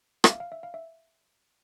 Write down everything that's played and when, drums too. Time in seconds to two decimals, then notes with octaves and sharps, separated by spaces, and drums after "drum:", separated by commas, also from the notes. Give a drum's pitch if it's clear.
0.24 E5, drum: rim click
0.29 F5
0.40 F5
0.52 E5
0.63 F5
0.74 E5